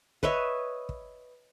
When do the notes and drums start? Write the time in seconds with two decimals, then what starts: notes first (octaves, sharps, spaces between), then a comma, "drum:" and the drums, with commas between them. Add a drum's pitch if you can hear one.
0.23 B4 C#5 D#5 E5, drum: kick
0.89 drum: kick